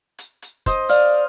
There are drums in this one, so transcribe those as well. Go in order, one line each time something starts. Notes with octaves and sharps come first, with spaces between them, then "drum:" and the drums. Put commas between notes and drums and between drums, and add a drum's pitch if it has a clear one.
drum: hi-hat
drum: hi-hat
C5 D#5, drum: kick, hi-hat
D5 F5, drum: hi-hat